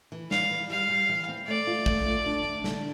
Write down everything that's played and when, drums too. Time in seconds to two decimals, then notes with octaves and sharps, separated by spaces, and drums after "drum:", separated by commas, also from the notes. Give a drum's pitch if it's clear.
0.12 E3
0.31 E3 F5, drum: snare
0.51 E3
0.70 G3 F5
0.89 G3
1.09 E3
1.29 C4
1.48 A3 D5
1.67 F4
1.86 A3, drum: kick
2.05 A3
2.26 D4
2.44 D4
2.64 D3, drum: snare